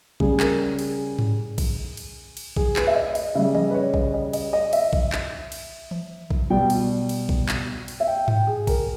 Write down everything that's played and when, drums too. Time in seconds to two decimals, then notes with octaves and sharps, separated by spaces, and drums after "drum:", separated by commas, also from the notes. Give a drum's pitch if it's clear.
0.20 C#3 G3 G#4, drum: kick A#1
0.40 A#4, drum: clap
0.79 G#4, drum: cymbal
1.19 drum: tom G#2
1.58 drum: kick A#1, cymbal
1.97 drum: cymbal
2.37 drum: cymbal
2.56 G#4, drum: kick A#1
2.76 B4, drum: clap
2.87 E5
2.95 D#5
3.15 D#5, drum: cymbal
3.35 C#3 G3 E5
3.55 D#5, drum: tom E3
3.70 B4
3.74 C#5
3.94 D#5, drum: kick A#1
4.14 D#5
4.33 D#5, drum: cymbal
4.53 D#5
4.73 E5, drum: cymbal
4.93 drum: kick A#1
5.12 drum: clap
5.52 drum: cymbal
5.91 drum: tom E3
6.31 drum: kick A#1
6.50 B2 G3 G5
6.70 drum: cymbal
7.09 drum: cymbal
7.29 drum: kick A#1
7.49 drum: clap
7.88 drum: cymbal
8.00 E5
8.07 G5
8.28 G5, drum: tom G#2
8.47 G#4
8.67 A#4, drum: kick A#1, cymbal